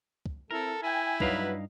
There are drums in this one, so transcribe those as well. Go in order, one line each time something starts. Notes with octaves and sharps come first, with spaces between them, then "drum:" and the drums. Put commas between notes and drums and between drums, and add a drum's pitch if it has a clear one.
drum: kick
C4 E4 A4 A#4
E4 G5 G#5
G2 F#3 D#4 B4 F5, drum: kick